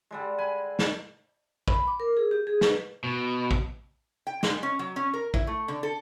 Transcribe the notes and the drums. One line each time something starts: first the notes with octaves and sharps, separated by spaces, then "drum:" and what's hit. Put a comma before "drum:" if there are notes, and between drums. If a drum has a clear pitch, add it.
D3 G3 G#3
G#5 B5
drum: snare
B5, drum: kick
D6
A#4
G#4
G4
G#4
B4, drum: snare
B2
drum: kick
G5
G#3, drum: snare
C#4
F#3
C#4
A#4
E4, drum: kick
A3
D3
A4